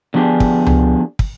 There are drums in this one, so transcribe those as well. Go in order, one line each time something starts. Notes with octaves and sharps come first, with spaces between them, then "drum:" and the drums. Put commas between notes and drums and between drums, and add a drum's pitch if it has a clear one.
D3 F3 B3 D4 G4 G#4
drum: kick
drum: tom C#2
drum: kick